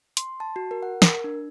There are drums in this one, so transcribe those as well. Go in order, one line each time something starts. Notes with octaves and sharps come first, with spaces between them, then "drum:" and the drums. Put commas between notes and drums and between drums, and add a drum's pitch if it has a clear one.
C6, drum: hi-hat
A5
F#4
A#4
F#5
A#4, drum: snare
D4